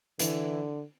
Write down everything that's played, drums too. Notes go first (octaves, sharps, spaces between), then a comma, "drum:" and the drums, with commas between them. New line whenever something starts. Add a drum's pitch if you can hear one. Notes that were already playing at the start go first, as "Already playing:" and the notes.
D3 E3 E4, drum: hi-hat